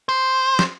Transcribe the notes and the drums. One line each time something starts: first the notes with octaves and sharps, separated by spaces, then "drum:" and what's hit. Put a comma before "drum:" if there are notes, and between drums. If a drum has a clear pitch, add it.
C5
drum: snare